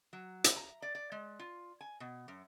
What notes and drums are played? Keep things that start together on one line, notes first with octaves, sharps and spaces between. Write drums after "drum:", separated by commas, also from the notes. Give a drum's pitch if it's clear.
F#3
E4, drum: hi-hat
A#5
D5
D5
G#3
F4
G#5
B2
F#2